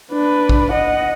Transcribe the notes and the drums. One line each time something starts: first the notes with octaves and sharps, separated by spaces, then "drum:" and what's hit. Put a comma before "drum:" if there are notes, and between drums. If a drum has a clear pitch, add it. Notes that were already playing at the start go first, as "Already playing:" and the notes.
D4 B4
drum: kick
D#5 F#5